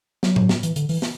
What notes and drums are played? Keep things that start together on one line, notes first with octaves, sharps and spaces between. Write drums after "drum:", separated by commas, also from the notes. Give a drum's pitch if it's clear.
F#3, drum: snare
drum: tom A2
drum: snare
E3, drum: hi-hat
D3, drum: hi-hat
E3, drum: open hi-hat
drum: snare